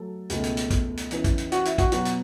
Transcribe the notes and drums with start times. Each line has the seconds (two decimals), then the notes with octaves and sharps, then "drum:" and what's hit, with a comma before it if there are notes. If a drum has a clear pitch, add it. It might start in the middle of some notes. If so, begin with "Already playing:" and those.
Already playing: F#3 A3 A4
0.30 C#2 B2 A3, drum: hi-hat
0.44 drum: hi-hat
0.57 drum: hi-hat
0.70 drum: kick, hi-hat
0.97 drum: hi-hat
1.11 E3 C#4 E4 B4, drum: hi-hat
1.24 drum: kick, hi-hat
1.38 drum: hi-hat
1.52 F#4, drum: hi-hat
1.65 E4, drum: hi-hat
1.78 F#4, drum: kick, hi-hat
1.92 B2 F#3 B3 F#4, drum: hi-hat
2.05 drum: hi-hat